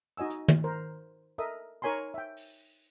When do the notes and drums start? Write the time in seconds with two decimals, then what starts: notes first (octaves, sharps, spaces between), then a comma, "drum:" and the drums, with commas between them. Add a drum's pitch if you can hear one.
0.17 D#4 F#4 D#5 G#5 E6
0.30 drum: hi-hat
0.48 drum: tom
0.64 A#4 C5
1.38 A4 A#4 D#5 E5 D#6
1.82 D#4 A#4 C#5 G#5 B5 C6
2.14 E5 G5
2.37 drum: open hi-hat